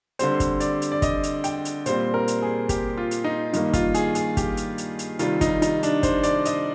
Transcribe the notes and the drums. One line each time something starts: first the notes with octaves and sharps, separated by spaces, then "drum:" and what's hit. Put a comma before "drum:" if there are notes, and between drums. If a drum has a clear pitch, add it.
D3 G3 C4 C5, drum: hi-hat
drum: kick, hi-hat
D5, drum: hi-hat
drum: hi-hat
D5
D#5, drum: kick, hi-hat
drum: hi-hat
G5, drum: hi-hat
drum: hi-hat
A#2 G3 C4 C5, drum: hi-hat
A#4
drum: hi-hat
G#4
G4, drum: kick, hi-hat
F4
drum: hi-hat
D#4
G2 D#3 A#3 D#4, drum: hi-hat
F4, drum: kick, hi-hat
G#4, drum: hi-hat
G#4, drum: hi-hat
G4, drum: kick, hi-hat
drum: hi-hat
drum: hi-hat
drum: hi-hat
C3 D#3 G3 F4, drum: hi-hat
D#4, drum: kick, hi-hat
D#4, drum: hi-hat
D4, drum: hi-hat
C5, drum: kick, hi-hat
D5, drum: hi-hat
D#5, drum: hi-hat